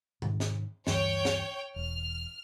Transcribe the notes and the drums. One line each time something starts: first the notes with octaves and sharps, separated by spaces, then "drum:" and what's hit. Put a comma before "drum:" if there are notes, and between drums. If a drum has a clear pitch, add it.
G#2 C3 D#3, drum: tom B2
drum: snare
D2 G2 E3 C#5 G5, drum: snare
drum: snare
E1 F6